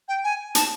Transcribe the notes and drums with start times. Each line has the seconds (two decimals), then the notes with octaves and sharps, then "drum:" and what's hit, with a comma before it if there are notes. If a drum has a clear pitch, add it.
0.08 G5
0.24 G#5
0.55 A5, drum: hi-hat